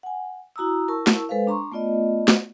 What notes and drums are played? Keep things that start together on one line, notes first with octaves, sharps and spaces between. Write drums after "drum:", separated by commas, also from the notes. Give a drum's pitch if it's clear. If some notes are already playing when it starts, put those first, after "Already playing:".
F#5 G#5
E4 F#4 A#5 D#6 E6
E4 A#4 A5 C#6 E6
drum: snare
G#3 A4 B4 C5 F5
D4 A#5 C6 C#6
A3 B3 F4 D5 D#5
drum: snare